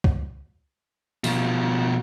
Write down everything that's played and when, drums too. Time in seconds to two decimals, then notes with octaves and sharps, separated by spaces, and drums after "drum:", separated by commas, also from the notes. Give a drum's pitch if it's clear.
0.04 drum: kick C2
1.24 B2 F3, drum: open hi-hat